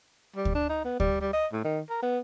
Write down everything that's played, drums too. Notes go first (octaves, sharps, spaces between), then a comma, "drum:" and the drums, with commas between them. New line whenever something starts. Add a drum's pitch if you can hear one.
G3
drum: kick D2
D4
D#4
B3
G3, drum: kick D2
G3
D#5
A2
D#3
A#4
B3